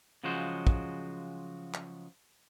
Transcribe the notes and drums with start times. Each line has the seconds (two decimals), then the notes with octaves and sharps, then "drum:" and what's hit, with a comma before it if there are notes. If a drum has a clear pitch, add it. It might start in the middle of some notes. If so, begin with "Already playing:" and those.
0.24 C#3 F3 F#3 G#3 F#4 C5
0.67 drum: kick
1.74 drum: clap